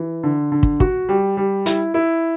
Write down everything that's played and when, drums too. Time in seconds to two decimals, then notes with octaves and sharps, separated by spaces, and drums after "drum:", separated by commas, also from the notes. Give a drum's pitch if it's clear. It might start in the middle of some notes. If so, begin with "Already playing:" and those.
Already playing: E3
0.23 D3
0.52 D3
0.63 drum: kick
0.80 F#4, drum: kick
1.09 G3
1.37 G3
1.66 E4, drum: hi-hat
1.94 E4